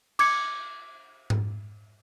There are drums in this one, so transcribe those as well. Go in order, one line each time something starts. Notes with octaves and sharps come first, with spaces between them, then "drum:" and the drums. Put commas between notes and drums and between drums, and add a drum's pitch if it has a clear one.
D6 G#6 C#7, drum: cymbal
drum: tom G#2